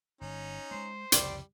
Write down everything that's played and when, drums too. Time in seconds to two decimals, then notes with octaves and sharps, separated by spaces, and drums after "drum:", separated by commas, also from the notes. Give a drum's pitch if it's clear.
0.21 G1 C#4 D#4
0.71 G#3 A3 C5
1.12 C2 F2 C#3 G3 D5, drum: hi-hat